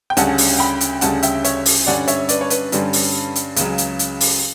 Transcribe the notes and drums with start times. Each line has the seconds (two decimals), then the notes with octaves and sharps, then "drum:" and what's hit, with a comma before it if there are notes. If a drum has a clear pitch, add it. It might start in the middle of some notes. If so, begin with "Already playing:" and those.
0.10 G5
0.17 D2 C#3 G3 C#4 F#5 A5, drum: hi-hat
0.38 drum: open hi-hat
0.59 G5 B5
0.81 drum: hi-hat
1.01 D2 C#3 G3 C#4 F#5 A5, drum: hi-hat
1.23 E5 G5, drum: hi-hat
1.44 C#5 E5, drum: hi-hat
1.66 drum: open hi-hat
1.86 G2 D3 G3 C#4 D5 F#5
2.08 C#5 E5, drum: hi-hat
2.29 B4 D5, drum: hi-hat
2.41 C#5
2.50 B4, drum: hi-hat
2.72 G2 D3 G3 C#4, drum: hi-hat
2.93 drum: open hi-hat
3.36 drum: hi-hat
3.56 C#2 C#3 F#3, drum: hi-hat
3.78 drum: hi-hat
3.99 drum: hi-hat
4.20 drum: open hi-hat